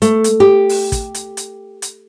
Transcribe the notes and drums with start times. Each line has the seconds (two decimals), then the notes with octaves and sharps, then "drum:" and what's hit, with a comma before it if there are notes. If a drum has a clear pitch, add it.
0.02 A3, drum: hi-hat
0.24 drum: hi-hat
0.40 G4
0.69 drum: open hi-hat
0.92 drum: kick, hi-hat
1.14 drum: hi-hat
1.37 drum: hi-hat
1.82 drum: hi-hat